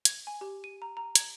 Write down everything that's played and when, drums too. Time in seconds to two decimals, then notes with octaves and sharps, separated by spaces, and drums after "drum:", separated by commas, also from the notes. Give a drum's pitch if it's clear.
0.05 G#6, drum: hi-hat
0.27 G#5
0.41 G4
0.64 D#7
0.82 A#5
0.97 A#5
1.15 G#6, drum: hi-hat